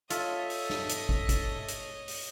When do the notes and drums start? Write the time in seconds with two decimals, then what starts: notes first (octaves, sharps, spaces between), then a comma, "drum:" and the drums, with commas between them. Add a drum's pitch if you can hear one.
0.10 F4 A4 C#5 D#5 E5, drum: hi-hat
0.50 drum: open hi-hat
0.70 drum: snare
0.89 drum: hi-hat
1.09 drum: kick
1.29 drum: kick, hi-hat
1.68 drum: hi-hat
2.08 drum: open hi-hat